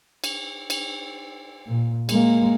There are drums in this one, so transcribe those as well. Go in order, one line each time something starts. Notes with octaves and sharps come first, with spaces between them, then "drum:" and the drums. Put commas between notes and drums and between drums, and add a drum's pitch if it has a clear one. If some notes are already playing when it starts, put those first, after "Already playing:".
drum: cymbal
drum: cymbal
A#2
G#3 A#3, drum: cymbal